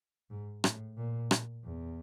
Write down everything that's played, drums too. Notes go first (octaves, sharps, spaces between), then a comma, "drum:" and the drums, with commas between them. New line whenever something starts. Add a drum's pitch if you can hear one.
G#2
A2, drum: rim click
A#2
drum: rim click
E2